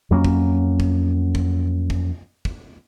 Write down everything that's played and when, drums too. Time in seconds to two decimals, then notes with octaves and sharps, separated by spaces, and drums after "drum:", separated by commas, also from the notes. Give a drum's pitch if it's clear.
0.11 F2 F#3 A#3 C#4
0.25 drum: kick
0.80 drum: kick
1.35 drum: kick
1.90 drum: kick
2.45 drum: kick